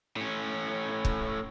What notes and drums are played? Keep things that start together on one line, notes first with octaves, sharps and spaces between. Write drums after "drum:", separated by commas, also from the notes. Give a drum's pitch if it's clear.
A2 C#4
drum: kick